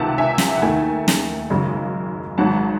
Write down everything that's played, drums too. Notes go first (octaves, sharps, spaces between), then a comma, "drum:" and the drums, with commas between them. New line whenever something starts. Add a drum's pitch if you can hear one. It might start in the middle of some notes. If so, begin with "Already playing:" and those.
Already playing: C#2 C3 D#3 F#5 A5
E5 G#5
drum: snare
F#5
D#2 D#3 A3 E5 G#5
drum: snare
G#1 F#2 C#3 G#3
G#1 G#2 F#3 F#5 A5